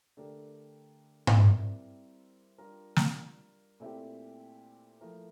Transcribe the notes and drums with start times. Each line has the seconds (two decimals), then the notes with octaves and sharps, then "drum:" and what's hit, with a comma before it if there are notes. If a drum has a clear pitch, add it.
0.17 D3 A3 D4 G4 A#4
1.27 drum: tom G#2
1.37 G3 C4 E4 A#4
2.58 G3 D4 F4 A#4
2.96 drum: snare
3.80 A#2 A3 C4 E4 G4
5.01 F3 A3 E4 A#4